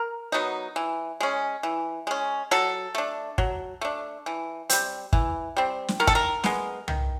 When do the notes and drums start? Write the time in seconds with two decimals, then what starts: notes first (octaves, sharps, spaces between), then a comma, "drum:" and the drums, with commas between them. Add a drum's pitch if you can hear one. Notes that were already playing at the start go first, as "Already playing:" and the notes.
Already playing: A#4
0.32 F#3 B3 D#4
0.76 E3
1.20 G#3 C#4
1.63 E3
2.07 G#3 C#4
2.51 F#3 A4
2.95 A3 D4
3.38 F#3, drum: kick
3.81 A3 D4
4.26 E3
4.70 G3 C4, drum: hi-hat
5.13 E3, drum: kick
5.57 G3 C4
5.88 drum: snare
6.00 D#3 A#4
6.07 A4, drum: kick
6.15 A#4
6.44 G#3 B3, drum: snare
6.88 D#3, drum: tom